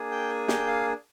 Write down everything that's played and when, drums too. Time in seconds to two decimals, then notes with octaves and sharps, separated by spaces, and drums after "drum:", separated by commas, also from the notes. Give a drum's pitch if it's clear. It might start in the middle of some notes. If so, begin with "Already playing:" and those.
Already playing: A#3 D4 G#4
0.11 G5
0.29 G#5
0.48 G5, drum: snare
0.67 F5